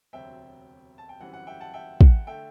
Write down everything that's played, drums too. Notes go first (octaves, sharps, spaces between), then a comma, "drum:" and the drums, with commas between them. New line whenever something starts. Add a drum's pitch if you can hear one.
E1 D2 C3 F#3 C4 E5 G5
A5
G5
G1 F#2 E3 G3 C4 F#5
F#5
E5 G5
F#5 A5
E5 G5
F#5, drum: kick
D3 A3 E5 G5